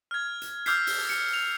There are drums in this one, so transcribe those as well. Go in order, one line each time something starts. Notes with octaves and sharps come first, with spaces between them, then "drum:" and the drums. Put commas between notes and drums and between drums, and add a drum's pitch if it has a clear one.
F6 G#6
drum: hi-hat
D6 E6 F6 G6 B6 C7, drum: hi-hat
drum: open hi-hat
C#7, drum: hi-hat
F7